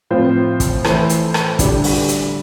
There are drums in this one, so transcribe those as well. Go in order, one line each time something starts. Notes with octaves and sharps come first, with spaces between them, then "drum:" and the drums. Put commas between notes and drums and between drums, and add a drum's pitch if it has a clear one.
A2 F3 C4 F4 C5
drum: kick, hi-hat
E3 A3 E4 A4 C5, drum: rim click
drum: hi-hat
drum: rim click
D3 G3 D4, drum: kick, hi-hat
drum: open hi-hat
drum: hi-hat